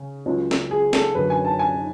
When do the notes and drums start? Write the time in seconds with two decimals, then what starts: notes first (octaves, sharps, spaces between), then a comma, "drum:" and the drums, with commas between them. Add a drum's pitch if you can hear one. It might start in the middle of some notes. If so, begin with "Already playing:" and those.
Already playing: C#3
0.26 C#2 C#3 F#3
0.51 drum: snare
0.71 G#4
0.93 A4, drum: snare
1.15 F#2 D3 F#3 B4
1.30 G#5
1.45 A5
1.59 G#5